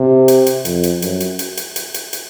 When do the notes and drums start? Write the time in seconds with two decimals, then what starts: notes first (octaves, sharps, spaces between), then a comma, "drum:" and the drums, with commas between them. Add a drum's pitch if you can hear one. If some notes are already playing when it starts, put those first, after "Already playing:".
Already playing: C3
0.28 drum: hi-hat
0.46 drum: hi-hat
0.65 F2, drum: hi-hat
0.83 drum: hi-hat
1.02 F#2, drum: hi-hat
1.20 drum: hi-hat
1.39 drum: hi-hat
1.57 drum: hi-hat
1.76 drum: hi-hat
1.94 drum: hi-hat
2.13 drum: hi-hat